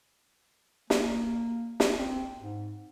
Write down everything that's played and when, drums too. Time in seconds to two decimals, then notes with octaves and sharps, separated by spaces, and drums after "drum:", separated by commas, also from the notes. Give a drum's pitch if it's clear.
0.90 A#3, drum: snare
1.80 drum: snare
1.97 C4
2.38 G#2